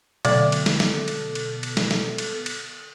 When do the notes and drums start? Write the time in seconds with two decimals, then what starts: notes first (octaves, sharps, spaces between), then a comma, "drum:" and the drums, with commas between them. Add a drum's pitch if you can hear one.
0.25 B2 D3 F#3 A3 A4 D5, drum: cymbal
0.52 drum: cymbal
0.66 drum: snare
0.80 drum: snare
1.08 drum: cymbal
1.35 drum: cymbal
1.63 drum: cymbal
1.77 drum: snare
1.91 drum: snare
2.18 drum: cymbal
2.46 drum: cymbal